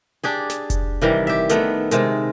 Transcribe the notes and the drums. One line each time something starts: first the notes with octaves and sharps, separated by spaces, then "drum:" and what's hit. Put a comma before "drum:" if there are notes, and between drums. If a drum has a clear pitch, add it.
D4 G4 G#4
drum: snare
drum: kick F1, hi-hat
C3 D#3 E3 G3
G4 E5
D#3 A3 B3, drum: hi-hat
C3 D#3 G#3, drum: hi-hat